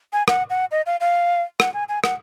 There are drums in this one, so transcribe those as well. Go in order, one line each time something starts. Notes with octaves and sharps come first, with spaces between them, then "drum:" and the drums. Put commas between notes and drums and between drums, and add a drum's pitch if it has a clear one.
G#5
F#5, drum: rim click
F#5
D#5
F5
F5
F#5, drum: rim click
G#5
G#5
F#5, drum: rim click